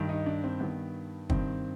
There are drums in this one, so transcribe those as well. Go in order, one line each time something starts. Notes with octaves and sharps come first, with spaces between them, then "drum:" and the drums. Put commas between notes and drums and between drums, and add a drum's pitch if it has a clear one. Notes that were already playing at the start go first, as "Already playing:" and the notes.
Already playing: G2 D#3
D#4
D4
C4
G2 D#3 B3
G2 D#3 C4, drum: kick